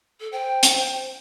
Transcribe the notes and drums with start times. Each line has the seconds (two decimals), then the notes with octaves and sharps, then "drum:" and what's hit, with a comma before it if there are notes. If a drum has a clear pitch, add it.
0.20 A4
0.32 C5 G5
0.63 drum: hi-hat